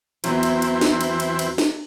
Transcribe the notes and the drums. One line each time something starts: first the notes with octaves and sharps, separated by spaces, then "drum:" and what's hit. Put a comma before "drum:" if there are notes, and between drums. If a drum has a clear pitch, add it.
E2 E3 F#3 C4, drum: cymbal
drum: cymbal
drum: cymbal
drum: snare
drum: cymbal
drum: cymbal
drum: cymbal
drum: snare